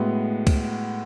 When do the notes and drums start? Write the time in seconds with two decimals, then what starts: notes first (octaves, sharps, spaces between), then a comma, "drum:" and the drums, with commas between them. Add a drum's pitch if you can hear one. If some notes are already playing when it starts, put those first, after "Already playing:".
Already playing: A2 G#3 B3 F#4
0.47 drum: kick C#2, cymbal